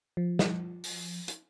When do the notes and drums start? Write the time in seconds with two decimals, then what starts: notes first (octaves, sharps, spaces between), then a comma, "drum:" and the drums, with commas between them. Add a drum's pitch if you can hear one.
0.17 F3
0.39 drum: snare
0.84 drum: open hi-hat
1.28 drum: hi-hat